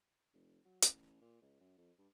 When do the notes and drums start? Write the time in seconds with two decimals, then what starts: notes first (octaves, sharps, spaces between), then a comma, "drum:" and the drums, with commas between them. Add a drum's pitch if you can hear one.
0.33 F1
0.65 F#3
0.82 A1, drum: hi-hat
1.21 A#2
1.42 C#2
1.60 F#2
1.78 F2
1.98 G2